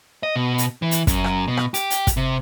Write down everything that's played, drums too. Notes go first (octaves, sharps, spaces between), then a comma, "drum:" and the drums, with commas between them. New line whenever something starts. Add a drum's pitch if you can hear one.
D#5
B2
drum: hi-hat
E3
drum: hi-hat
F#2, drum: kick, hi-hat
drum: rim click
B2
drum: rim click
G4, drum: hi-hat
drum: hi-hat
drum: kick, hi-hat
C3